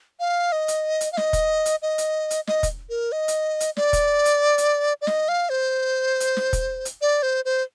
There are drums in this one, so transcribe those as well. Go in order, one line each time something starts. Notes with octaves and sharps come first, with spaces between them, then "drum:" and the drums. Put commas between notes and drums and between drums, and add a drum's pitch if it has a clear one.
F5
D#5
drum: hi-hat
drum: hi-hat
F5
D#5, drum: snare
drum: kick, hi-hat
drum: hi-hat
D#5
drum: hi-hat
drum: hi-hat
D#5, drum: snare
drum: kick, hi-hat
A#4
D#5
drum: hi-hat
drum: hi-hat
D5, drum: snare
drum: kick, hi-hat
drum: hi-hat
drum: hi-hat
D5
D#5, drum: snare
F5
C5
drum: hi-hat
drum: snare
drum: kick, hi-hat
drum: hi-hat
D5
C5
C5